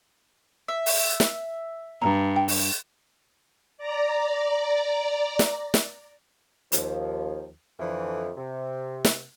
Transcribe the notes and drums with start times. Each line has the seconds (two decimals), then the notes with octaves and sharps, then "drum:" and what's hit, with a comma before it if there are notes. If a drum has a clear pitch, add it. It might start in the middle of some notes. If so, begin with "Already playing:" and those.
0.68 E5
0.86 drum: open hi-hat
1.20 drum: snare
2.02 G2 A#5
2.36 G5
2.48 drum: open hi-hat
3.78 D5 A#5
5.39 drum: snare
5.74 drum: snare
6.72 D#2 F3, drum: hi-hat
7.80 F2 D3 E3 F3
8.38 C3
9.05 drum: snare